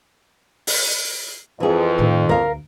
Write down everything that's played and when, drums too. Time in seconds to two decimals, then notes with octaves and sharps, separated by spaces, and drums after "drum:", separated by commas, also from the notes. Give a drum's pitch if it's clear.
0.67 drum: open hi-hat
1.60 F2 E3 G#4
1.98 A2 D#3
2.29 D2 A#4 F5